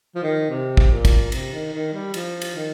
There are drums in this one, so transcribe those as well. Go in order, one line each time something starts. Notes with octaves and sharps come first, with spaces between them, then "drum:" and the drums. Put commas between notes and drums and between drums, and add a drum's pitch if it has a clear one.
F3
D#3
C3
drum: kick
A#2
drum: kick, cymbal
C3, drum: cymbal
D#3
D#3
G3
F3, drum: cymbal
drum: cymbal
D#3